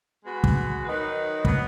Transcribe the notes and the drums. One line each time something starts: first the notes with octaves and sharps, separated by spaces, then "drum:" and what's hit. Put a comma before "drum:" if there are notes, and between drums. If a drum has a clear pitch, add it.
G#3 B3 F#4 B4
drum: kick
D#3 F#3 D#4 B4
B2 F#3 B3, drum: kick